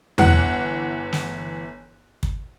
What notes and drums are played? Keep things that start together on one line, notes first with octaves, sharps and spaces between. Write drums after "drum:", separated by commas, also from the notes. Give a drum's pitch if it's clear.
G1 E3 F#5 F#6, drum: tom E2
drum: snare
drum: kick